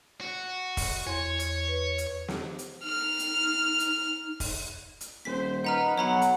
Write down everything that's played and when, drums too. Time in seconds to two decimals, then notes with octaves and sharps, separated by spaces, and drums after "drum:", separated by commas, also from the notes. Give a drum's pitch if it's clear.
0.21 F#4
0.77 drum: kick, open hi-hat
1.07 E2 C#5 C6
1.39 C#5, drum: hi-hat
1.68 B4
1.98 drum: hi-hat
2.28 drum: snare
2.59 drum: hi-hat
2.84 D#4 F6
3.19 drum: hi-hat
3.80 drum: hi-hat
4.40 drum: kick, open hi-hat
5.01 drum: hi-hat
5.25 D#1 C5 B6
5.65 D#4 B4 F#5 A#5 F6
5.98 B1 F#3 C#5 F#5 A#5 B5
6.22 drum: hi-hat